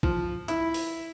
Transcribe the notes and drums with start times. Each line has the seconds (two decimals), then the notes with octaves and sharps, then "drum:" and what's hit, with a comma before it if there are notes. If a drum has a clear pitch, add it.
0.03 F3, drum: kick
0.48 E4, drum: hi-hat
0.74 drum: open hi-hat